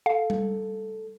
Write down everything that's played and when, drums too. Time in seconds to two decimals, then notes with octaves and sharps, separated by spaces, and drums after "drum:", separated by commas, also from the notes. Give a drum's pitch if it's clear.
0.06 A4 F5
0.30 drum: tom G3